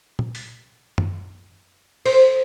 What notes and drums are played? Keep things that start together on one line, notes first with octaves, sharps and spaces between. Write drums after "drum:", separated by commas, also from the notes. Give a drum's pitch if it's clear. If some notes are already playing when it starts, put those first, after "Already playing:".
drum: tom A#2
drum: open hi-hat
drum: tom F#2
C5, drum: cymbal